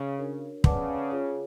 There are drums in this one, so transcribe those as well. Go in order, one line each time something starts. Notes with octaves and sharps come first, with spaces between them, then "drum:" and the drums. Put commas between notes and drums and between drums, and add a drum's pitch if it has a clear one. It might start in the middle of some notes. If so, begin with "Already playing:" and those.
Already playing: C#3
D4 F#4 A#4 C#5
C#3 B4 D5 F#5 A5 D6, drum: kick
F4 G#4 C#5